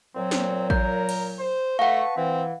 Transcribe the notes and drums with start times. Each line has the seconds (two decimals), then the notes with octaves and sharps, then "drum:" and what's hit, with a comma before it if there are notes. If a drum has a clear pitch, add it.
0.16 A#2 F#3 C4
0.31 drum: snare A#3
0.70 A#4 G6, drum: kick A1
1.09 drum: cymbal
1.39 C5
1.79 A3 B4 F5 F#5 A5 C#6
2.17 E3 C4